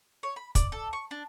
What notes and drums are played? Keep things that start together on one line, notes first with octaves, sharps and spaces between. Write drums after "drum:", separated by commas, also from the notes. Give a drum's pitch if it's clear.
C#5
B5
D5, drum: kick, hi-hat
A4
C#6
D4